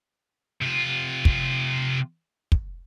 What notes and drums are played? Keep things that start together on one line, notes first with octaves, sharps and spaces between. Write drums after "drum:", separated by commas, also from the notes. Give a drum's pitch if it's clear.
C3 F4
drum: kick
drum: kick